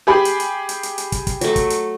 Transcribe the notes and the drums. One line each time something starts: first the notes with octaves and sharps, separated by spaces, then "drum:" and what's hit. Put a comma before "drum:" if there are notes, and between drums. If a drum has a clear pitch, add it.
G4 G#4 B5
drum: hi-hat
drum: hi-hat
drum: hi-hat
drum: hi-hat
drum: hi-hat
drum: kick, hi-hat
drum: kick, hi-hat
F#3 A3, drum: hi-hat
drum: kick, hi-hat
drum: hi-hat